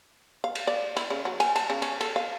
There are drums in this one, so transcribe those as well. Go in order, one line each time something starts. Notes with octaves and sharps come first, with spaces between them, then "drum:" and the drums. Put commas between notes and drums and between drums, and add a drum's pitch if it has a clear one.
F5
drum: cymbal
D5
E4, drum: cymbal
C#3
F#3
G#5, drum: cymbal
A5, drum: cymbal
C#3
C#4, drum: cymbal
A4, drum: cymbal
F5